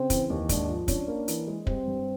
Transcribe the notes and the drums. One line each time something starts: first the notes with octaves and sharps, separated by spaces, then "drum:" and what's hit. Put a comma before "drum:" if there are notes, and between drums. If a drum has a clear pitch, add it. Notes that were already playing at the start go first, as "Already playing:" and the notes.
Already playing: C#3 C4
E3, drum: kick, hi-hat
D#2
G#2 D4, drum: kick, hi-hat
F3
C#4 D4, drum: kick, hi-hat
A#3
E3, drum: hi-hat
G#3
G3 C4, drum: kick
G2